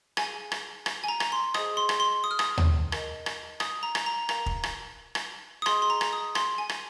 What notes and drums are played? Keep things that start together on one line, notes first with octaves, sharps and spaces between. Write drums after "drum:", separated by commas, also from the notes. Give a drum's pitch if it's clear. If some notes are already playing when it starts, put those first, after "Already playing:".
G#4 F5 G#5, drum: rim click
drum: rim click
drum: rim click
G#5
A#5
drum: rim click
C6
G#4 C5 D#5 D#6, drum: rim click
C6
drum: rim click
C6
D#6
F6
D#6, drum: rim click
drum: tom D#2
A#4 D#5, drum: rim click
drum: rim click
D#6, drum: rim click
A#5
drum: rim click
A#5
A#4 F5 A#5, drum: rim click
drum: kick
drum: rim click
drum: rim click
D#6
G#4 D#5 C6, drum: rim click
C6
A#5
drum: rim click
D#6
C6, drum: rim click
G#5
drum: rim click